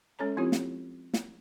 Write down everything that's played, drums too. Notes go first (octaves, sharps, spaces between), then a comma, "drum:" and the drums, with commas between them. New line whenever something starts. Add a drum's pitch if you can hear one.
G#3 C#4 A4 C#5 A#5
F3 C4 E4 F4 G4
drum: snare
drum: snare